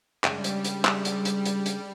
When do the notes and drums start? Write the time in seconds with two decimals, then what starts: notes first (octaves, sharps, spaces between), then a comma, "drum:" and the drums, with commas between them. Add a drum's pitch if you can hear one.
0.24 C#3 G3 G#3 D4, drum: clap
0.44 drum: hi-hat
0.65 drum: hi-hat
0.85 drum: clap
1.05 drum: hi-hat
1.25 drum: hi-hat
1.46 drum: hi-hat
1.66 drum: hi-hat